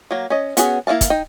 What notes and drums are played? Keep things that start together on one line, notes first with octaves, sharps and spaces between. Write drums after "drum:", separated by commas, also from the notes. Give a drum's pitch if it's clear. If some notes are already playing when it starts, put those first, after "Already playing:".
F#3 A#3
C#4 D#5
B3 C#4 F#4 G#4, drum: hi-hat
A#3 E4 D#5 F5 A5
drum: kick, hi-hat
D#4 G5